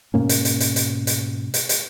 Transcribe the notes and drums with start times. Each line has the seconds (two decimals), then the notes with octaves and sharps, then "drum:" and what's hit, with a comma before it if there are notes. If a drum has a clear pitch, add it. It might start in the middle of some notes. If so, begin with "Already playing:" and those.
0.14 G#2 B2 A#3 C#4
0.29 drum: hi-hat
0.45 drum: hi-hat
0.60 drum: hi-hat
0.76 drum: hi-hat
1.07 drum: hi-hat
1.54 drum: hi-hat
1.69 drum: hi-hat